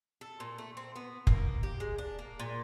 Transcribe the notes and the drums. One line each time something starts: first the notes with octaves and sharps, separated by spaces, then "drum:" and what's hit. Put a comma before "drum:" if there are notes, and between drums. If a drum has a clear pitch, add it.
A4
A#2
A3
C4
B3
A#3, drum: kick F1
G4
G#3
D4
A#3
A#2